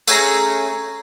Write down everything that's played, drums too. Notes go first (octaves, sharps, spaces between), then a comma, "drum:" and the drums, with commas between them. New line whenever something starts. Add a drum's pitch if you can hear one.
A3 C#4 G#4 A#5, drum: tambourine